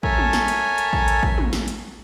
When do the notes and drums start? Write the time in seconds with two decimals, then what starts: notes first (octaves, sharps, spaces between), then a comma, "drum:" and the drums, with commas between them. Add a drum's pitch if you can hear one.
0.03 A4 A#4 C#5 E5 G#5, drum: kick
0.18 drum: tom
0.33 drum: snare
0.48 drum: hi-hat
0.78 drum: hi-hat
0.93 drum: kick
1.08 drum: hi-hat
1.23 drum: kick
1.38 drum: tom
1.53 drum: snare
1.68 drum: hi-hat